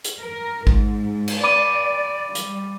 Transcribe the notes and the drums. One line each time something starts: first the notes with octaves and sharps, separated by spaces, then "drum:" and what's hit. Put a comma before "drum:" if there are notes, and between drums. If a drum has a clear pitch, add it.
drum: hi-hat
A#4
G#2, drum: kick
drum: cymbal
D5 B5 D6 D#7
G3, drum: hi-hat